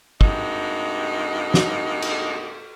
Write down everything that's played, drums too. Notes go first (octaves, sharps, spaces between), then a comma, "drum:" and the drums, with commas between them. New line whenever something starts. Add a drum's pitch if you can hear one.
G2 C3 G#3 A#3 D#4 F#4, drum: kick
drum: snare
drum: cymbal